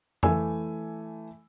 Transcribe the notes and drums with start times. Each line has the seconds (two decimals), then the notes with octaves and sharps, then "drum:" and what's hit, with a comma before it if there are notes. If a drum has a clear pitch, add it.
0.23 E3 A3 G#5 E6, drum: tom F2